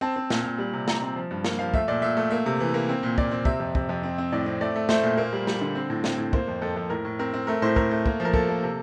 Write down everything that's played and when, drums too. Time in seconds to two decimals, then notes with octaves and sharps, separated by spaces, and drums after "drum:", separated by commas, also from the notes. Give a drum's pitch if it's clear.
0.01 C4 A5
0.16 C4
0.30 A#2, drum: snare
0.45 A#2
0.58 G3
0.73 C3
0.88 C3 A#5, drum: snare
1.02 C4
1.16 F3
1.31 G2
1.45 A#3, drum: snare
1.59 F3 F5
1.74 A3 E5, drum: kick
1.88 A#2 D5
2.02 A#2 E5
2.17 A3
2.31 A#3 E5
2.46 C3
2.60 E3
2.74 A#3
2.89 C4
3.03 A#2
3.18 A#2 D5, drum: kick
3.31 C4
3.45 C3 E5, drum: kick
3.60 F2
3.75 C3, drum: kick
3.89 F2
4.03 C4
4.18 C4
4.32 A2 D5
4.46 C4
4.61 A3 D5
4.76 A3
4.89 A3 C5, drum: snare
5.03 A#2
5.17 A#3
5.33 G3
5.47 G3, drum: snare
5.61 D3
5.75 C4
5.90 A2
6.04 C4 C5, drum: snare
6.18 A2
6.33 A#3 C5, drum: kick
6.48 F2
6.62 F2 A4
6.76 F2
6.90 A2 A#4
7.05 A2
7.19 C4 A#4
7.34 C4
7.47 A3 A#4
7.62 A2 C5
7.76 A3 A#4, drum: kick
7.91 A3
8.06 A#3, drum: kick
8.20 F3
8.25 A#4
8.34 A#3 A4, drum: kick
8.48 A#3
8.63 C3